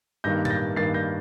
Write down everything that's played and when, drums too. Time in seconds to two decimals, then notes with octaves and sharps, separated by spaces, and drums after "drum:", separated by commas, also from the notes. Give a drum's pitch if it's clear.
0.24 G2 D#3 A#3 G6 A#6
0.45 A6, drum: tom A2
0.50 G6 A#6
0.76 G2 D#3 A#3 A6 C7
0.94 G6 A#6